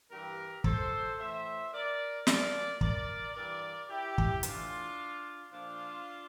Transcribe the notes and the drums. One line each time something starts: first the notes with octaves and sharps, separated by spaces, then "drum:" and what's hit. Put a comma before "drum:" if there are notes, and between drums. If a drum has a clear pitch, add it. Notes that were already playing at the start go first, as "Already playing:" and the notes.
G2 E3 G4 A#4
A4 C5, drum: kick
A2 E3 C5 E5
A#4 D5
A#2 F3 A#4 D5, drum: snare
A#4 D5, drum: kick
G2 E3 A#4 D5
E4 G4
drum: kick
A2 E3 D4 F4, drum: hi-hat
A#2 F3 D4 F4